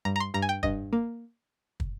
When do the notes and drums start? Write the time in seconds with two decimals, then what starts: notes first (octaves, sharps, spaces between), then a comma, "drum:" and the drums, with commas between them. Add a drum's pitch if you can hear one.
0.05 G2 A#5
0.16 A#5
0.20 C6
0.34 G2 A#5
0.42 G#5
0.49 G5
0.63 G2 D#5, drum: kick
0.93 A#3
1.80 drum: kick